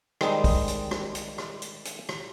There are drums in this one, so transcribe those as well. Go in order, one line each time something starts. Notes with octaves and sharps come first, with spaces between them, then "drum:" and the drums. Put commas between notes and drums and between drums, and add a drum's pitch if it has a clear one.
D#3 G3 G#3 C4 D#4, drum: rim click
drum: kick, open hi-hat
drum: hi-hat
drum: rim click
drum: hi-hat
drum: rim click
drum: hi-hat
drum: hi-hat
drum: rim click